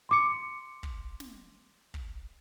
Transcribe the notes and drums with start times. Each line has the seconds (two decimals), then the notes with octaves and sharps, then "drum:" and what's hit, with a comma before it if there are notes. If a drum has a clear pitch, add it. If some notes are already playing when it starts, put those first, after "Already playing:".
0.09 C6 D6 C#7
0.83 drum: kick
1.20 drum: snare
1.94 drum: kick